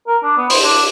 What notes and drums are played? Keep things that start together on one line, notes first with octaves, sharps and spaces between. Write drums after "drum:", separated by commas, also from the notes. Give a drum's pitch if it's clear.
A#4
D4
B3
C5, drum: open hi-hat
D4